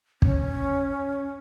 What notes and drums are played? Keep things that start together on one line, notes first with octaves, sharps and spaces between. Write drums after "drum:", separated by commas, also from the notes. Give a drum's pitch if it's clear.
C#4, drum: kick